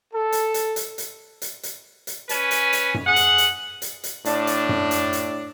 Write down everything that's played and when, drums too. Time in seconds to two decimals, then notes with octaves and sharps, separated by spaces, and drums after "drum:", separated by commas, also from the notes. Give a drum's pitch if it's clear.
0.13 A4
0.32 drum: hi-hat
0.54 drum: hi-hat
0.76 drum: hi-hat
0.98 drum: hi-hat
1.42 drum: hi-hat
1.63 drum: hi-hat
2.07 drum: hi-hat
2.29 C#4 B4 G#5, drum: hi-hat
2.51 drum: hi-hat
2.73 drum: hi-hat
2.94 drum: tom F#2
3.07 G#4 F#5
3.16 drum: hi-hat
3.38 drum: hi-hat
3.82 drum: hi-hat
4.04 drum: hi-hat
4.25 A2 D4, drum: hi-hat
4.47 drum: hi-hat
4.69 drum: tom F#2
4.91 drum: hi-hat
5.13 drum: hi-hat